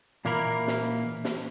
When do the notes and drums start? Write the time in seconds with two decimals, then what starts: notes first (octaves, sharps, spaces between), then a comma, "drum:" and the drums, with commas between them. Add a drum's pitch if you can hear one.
0.25 A#2 E3 A#3 E4 A#4 B5
0.67 drum: snare
1.24 drum: snare